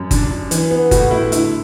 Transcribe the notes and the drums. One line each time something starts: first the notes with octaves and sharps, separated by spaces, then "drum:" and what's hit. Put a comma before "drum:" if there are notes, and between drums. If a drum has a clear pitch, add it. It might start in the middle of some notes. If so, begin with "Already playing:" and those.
Already playing: F#2
D4, drum: kick G1, hi-hat
D4
E3, drum: hi-hat
B3
A2 F#4, drum: kick G1, hi-hat
A2 E4
D3 E4, drum: hi-hat